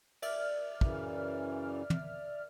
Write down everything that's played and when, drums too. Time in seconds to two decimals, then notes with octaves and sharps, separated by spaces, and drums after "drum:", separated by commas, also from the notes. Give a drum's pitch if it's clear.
0.22 D5 E5 F6, drum: cymbal
0.81 F#2 C#3 E3, drum: kick
1.90 drum: tom